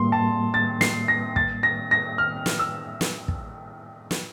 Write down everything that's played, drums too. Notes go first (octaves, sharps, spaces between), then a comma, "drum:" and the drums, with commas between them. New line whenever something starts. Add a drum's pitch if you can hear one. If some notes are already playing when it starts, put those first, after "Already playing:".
Already playing: A2 G3 A#3 C6
A5
A6
C7, drum: snare
A#6
A6, drum: kick
A#6
A#6
F6
drum: snare
E6
drum: snare
drum: kick
drum: snare